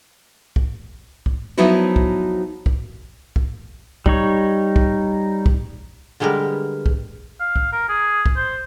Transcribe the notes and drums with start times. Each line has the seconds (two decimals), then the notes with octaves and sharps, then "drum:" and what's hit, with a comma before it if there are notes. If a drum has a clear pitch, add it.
0.56 drum: kick
1.26 drum: kick
1.57 F3 F#3 B3 D#4 E4 F#4
1.96 drum: kick
2.66 drum: kick
3.36 drum: kick
4.06 G3 D#4 C#5, drum: kick
4.76 drum: kick
5.46 drum: kick
6.20 D3 G3 G#3 B3 A#4
6.86 drum: kick
7.40 F5
7.56 drum: kick
7.72 A#4
7.89 G#4
8.26 drum: kick
8.36 C5